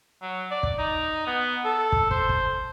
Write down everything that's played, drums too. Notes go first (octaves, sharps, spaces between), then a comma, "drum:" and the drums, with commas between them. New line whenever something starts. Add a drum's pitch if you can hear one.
F#3
D5
drum: kick
D#4
B3
A4
drum: kick
C5, drum: kick
drum: kick